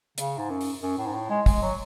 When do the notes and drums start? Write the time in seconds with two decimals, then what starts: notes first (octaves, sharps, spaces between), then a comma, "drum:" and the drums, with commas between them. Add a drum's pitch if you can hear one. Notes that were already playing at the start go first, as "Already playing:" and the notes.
0.18 C#3, drum: hi-hat
0.38 G#2
0.50 F#2
0.61 drum: open hi-hat
0.82 F#2
0.98 A2
1.06 G#2
1.14 A2
1.30 G#3
1.46 G#3, drum: kick, open hi-hat
1.62 F#3